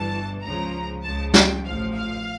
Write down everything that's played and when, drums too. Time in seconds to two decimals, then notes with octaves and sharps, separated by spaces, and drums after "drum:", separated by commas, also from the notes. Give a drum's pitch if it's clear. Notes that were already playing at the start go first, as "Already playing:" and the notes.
Already playing: G1 G2 E3 A5
0.43 C#2 C#3 F3 A#5
1.03 C#2 C#3 F3 A5
1.34 G5, drum: snare
1.64 A1 A2 F3 F5
1.94 F5